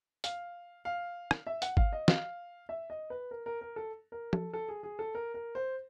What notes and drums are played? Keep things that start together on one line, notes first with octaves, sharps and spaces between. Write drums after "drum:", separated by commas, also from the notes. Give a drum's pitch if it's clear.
F5, drum: hi-hat
F5
drum: rim click
E5
F#5, drum: hi-hat
F5, drum: kick
D#5
F5, drum: snare
E5
D#5
B4
A#4
A#4
A#4
A4
A#4
A4, drum: tom
A4
G#4
G#4
A4
A#4
A#4
C5